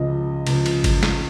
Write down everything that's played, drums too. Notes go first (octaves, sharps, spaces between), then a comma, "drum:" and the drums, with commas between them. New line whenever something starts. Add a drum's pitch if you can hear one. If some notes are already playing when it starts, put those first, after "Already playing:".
Already playing: C#2 C#3 F3 D#5
C#2 C#3 F3, drum: cymbal
drum: cymbal
drum: kick G#1, cymbal
drum: snare